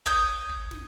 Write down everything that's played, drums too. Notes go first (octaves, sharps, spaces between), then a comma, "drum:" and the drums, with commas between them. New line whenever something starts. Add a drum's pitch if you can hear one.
C#5 D#6 G6, drum: kick
drum: kick
drum: snare